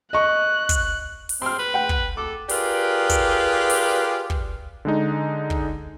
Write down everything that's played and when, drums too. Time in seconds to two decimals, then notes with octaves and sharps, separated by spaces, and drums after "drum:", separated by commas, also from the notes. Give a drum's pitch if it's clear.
0.13 D#5 C#6 F#6
0.69 drum: kick, hi-hat
1.29 drum: open hi-hat
1.42 C4 C6 F6
1.58 B4
1.74 F#5 G5
1.89 drum: kick
2.17 A4 D6
2.49 F4 G4 G#4 A#4 B4 D5, drum: open hi-hat
3.09 drum: kick, hi-hat
3.70 drum: open hi-hat
4.30 drum: kick
4.85 D3 G#3 D#4
5.50 drum: kick